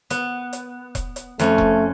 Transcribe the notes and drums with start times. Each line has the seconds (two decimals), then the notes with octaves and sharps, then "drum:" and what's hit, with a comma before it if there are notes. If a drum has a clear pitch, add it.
0.10 B3, drum: hi-hat
0.53 drum: hi-hat
0.95 drum: kick E1, hi-hat
1.16 drum: hi-hat
1.40 F2 A3 C#4, drum: hi-hat
1.58 drum: kick E1